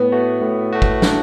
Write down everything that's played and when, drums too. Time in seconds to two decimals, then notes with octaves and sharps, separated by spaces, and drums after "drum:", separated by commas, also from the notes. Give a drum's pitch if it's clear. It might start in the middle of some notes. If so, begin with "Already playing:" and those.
Already playing: A2 B3
0.12 A3 F#4
0.41 A2
0.72 A3 F#4
0.82 drum: kick
1.02 D4, drum: snare